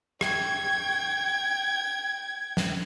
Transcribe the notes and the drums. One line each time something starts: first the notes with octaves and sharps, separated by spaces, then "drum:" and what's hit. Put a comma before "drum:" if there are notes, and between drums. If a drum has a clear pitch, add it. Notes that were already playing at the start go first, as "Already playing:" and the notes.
G5 G#6, drum: rim click
drum: snare